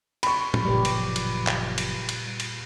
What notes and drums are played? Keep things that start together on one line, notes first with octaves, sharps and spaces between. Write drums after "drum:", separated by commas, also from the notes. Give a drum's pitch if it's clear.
B5 C#6, drum: cymbal
drum: tom
F#1 A#2 F3 G3 G4 B4
drum: cymbal
drum: cymbal
drum: clap
drum: cymbal
drum: cymbal
drum: cymbal